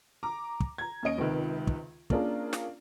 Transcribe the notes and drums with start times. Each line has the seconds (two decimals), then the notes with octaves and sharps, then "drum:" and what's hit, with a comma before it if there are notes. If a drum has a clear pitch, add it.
0.23 A#5 D6
0.60 drum: kick
0.78 A#5 G#6
1.03 D#2 C#4 D#5 D7
1.18 C#2 C3 D#3 B4
1.67 drum: kick
2.10 A#3 C#4 D4 F4 G#4 A#4, drum: kick
2.53 drum: snare